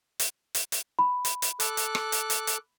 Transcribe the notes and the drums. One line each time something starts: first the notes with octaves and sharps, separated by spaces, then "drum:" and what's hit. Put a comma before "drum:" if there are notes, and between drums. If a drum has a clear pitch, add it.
drum: hi-hat
drum: hi-hat
drum: hi-hat
B5
drum: hi-hat
drum: hi-hat
A4 D6 F#6, drum: hi-hat
drum: hi-hat
drum: rim click
drum: hi-hat
drum: hi-hat
drum: hi-hat